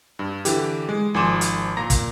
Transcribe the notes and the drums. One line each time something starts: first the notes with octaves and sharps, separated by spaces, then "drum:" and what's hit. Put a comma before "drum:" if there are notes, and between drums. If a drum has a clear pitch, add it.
G2
D3 E3 G4, drum: hi-hat
G#3
G#1 F3 G#5 C6 D6 E7
drum: hi-hat
A#2 A#5 A#6
drum: kick, hi-hat